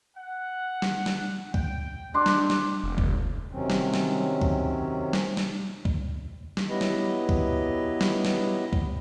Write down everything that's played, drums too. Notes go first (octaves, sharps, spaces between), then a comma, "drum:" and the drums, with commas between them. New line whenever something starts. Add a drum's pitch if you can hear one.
F#5
drum: snare
drum: snare
G5, drum: kick
G#3 C4 D4 G4 C6 D6
drum: snare
drum: snare
F1
drum: kick
C3 D#3 F#3 C4 C#4
drum: snare
drum: snare
drum: kick
drum: snare
drum: snare
drum: kick
drum: snare
F#3 B3 E4 G4 B4 D#5
drum: snare
drum: kick
drum: snare
drum: snare
drum: kick